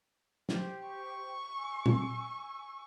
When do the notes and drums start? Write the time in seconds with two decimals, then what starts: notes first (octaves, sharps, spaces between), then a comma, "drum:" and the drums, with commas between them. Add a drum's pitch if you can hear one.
0.49 G4 C5 G5, drum: snare
0.88 C#6
1.57 G#5 E6
1.86 drum: tom A#2